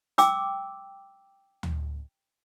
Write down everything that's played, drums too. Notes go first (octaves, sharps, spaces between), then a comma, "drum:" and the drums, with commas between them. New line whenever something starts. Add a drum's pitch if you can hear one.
G5 D6 E6, drum: hi-hat
drum: tom D2